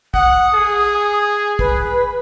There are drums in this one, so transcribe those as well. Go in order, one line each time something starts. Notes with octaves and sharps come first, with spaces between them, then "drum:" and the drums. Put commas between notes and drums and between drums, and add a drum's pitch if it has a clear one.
F#5 D#6, drum: kick
G#4
B4, drum: kick